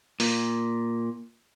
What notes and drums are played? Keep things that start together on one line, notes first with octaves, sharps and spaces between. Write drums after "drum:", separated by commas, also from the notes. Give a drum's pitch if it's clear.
A#2, drum: open hi-hat